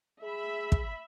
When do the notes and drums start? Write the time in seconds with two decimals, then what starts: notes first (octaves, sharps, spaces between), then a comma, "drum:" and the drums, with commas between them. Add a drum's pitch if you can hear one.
0.23 G#4 E5 B5
0.72 drum: kick